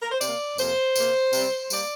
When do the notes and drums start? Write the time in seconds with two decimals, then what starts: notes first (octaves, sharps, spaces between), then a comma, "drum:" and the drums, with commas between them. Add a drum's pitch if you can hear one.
0.02 A#4
0.12 C5
0.21 C3 A#3 D5, drum: tambourine
0.58 F2 C3 A#3 C5, drum: tambourine
0.96 C3 A#3, drum: tambourine
1.33 C3 G3 C4, drum: tambourine
1.70 G3 A#3 D5, drum: tambourine